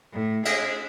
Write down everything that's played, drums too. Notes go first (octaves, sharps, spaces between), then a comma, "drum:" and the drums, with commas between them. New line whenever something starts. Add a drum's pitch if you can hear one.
A2
G#4, drum: cymbal